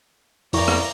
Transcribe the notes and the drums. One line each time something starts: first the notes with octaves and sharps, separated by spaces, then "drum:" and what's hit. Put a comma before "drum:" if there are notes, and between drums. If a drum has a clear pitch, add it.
F2 E4 D5 A#5 C#6, drum: open hi-hat
drum: rim click